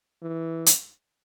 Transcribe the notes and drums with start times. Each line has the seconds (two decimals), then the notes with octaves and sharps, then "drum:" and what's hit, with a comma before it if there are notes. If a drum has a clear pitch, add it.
0.23 E3
0.66 drum: hi-hat